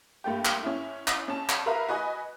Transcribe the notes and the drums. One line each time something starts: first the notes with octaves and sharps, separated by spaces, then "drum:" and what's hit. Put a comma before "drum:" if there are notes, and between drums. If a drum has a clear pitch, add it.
G2 A3 A#3 G4
drum: clap
C#4 E4
drum: clap
C#4 A5
drum: clap
A#4 B4 E5 F5 A#5
F#4 B4 D#5 G#5 D#6 F#6